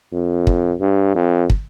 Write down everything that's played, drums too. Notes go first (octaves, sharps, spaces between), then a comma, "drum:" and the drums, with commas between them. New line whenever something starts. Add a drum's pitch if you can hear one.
F2
drum: kick
G2
F2
drum: kick